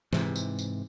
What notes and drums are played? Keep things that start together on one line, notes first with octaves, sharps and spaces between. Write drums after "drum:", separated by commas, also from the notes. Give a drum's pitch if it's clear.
G#2 C3 E3, drum: snare
drum: tambourine
drum: tambourine